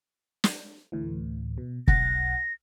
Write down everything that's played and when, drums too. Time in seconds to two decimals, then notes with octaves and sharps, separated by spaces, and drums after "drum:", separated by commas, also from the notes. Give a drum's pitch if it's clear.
0.44 drum: snare
0.92 D2 A2 E3
1.58 B2
1.88 B1 F#5 A6 A#6, drum: kick